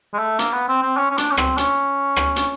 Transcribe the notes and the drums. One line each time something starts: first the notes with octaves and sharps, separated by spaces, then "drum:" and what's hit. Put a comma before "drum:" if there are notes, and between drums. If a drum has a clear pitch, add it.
G#3
A3
A#3, drum: hi-hat
B3
C4
C4
C#4
C#4
D4, drum: hi-hat
C#4
C4, drum: rim click
C#4, drum: hi-hat
drum: rim click
drum: hi-hat